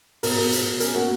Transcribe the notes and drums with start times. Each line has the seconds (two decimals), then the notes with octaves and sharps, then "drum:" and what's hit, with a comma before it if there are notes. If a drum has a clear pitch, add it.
0.23 B2 A#4, drum: open hi-hat
0.38 B2
0.52 B2, drum: hi-hat
0.66 B2
0.80 C#4 A#4, drum: hi-hat
0.94 A#3 F#4